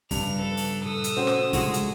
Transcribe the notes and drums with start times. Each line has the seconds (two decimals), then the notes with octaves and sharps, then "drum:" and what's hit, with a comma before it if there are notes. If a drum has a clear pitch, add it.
0.11 G2 C#3 F3 F7, drum: kick, open hi-hat
0.39 A4 B4
0.57 drum: open hi-hat
0.84 A#2 A4 D#6 E6
1.04 drum: hi-hat
1.17 C4 C#4 F#4 C5
1.27 drum: snare
1.53 C#3 F3 G#3 D4 F#4, drum: kick, open hi-hat
1.74 drum: hi-hat